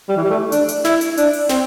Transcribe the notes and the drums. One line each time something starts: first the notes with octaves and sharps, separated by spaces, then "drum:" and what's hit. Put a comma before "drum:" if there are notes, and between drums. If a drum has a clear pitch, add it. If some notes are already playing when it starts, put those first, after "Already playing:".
G3
E3
G3
A3
D4, drum: hi-hat
drum: hi-hat
E4, drum: snare
drum: hi-hat
D4, drum: hi-hat
drum: open hi-hat
C4, drum: snare